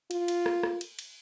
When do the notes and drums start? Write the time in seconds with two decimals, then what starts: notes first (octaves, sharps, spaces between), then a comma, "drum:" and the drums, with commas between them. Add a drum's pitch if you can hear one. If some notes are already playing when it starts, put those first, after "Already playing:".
0.11 F4, drum: cymbal
0.28 drum: cymbal
0.46 drum: rim click
0.63 drum: rim click
0.81 drum: cymbal
0.99 drum: cymbal